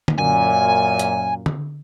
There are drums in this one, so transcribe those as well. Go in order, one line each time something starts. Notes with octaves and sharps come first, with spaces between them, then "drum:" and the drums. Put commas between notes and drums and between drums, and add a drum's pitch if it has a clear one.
drum: tom D3
F#2 A#2 G#5
drum: hi-hat
drum: tom D3